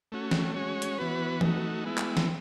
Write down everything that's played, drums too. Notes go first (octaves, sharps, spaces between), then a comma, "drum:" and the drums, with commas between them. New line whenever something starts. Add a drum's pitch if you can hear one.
A3 C#4 F#4
drum: snare
G#3 C#4 F#4 C#5
drum: hi-hat
E3 B3 F#4 B4
A3 D#4 F#4, drum: tom E3
G#3 B3 E4
drum: clap
drum: snare